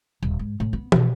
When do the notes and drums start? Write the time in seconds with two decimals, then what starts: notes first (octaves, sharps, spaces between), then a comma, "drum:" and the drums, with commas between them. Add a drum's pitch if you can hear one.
0.22 D#1
0.39 G#2
0.60 A2
0.73 B3
0.92 B2, drum: tom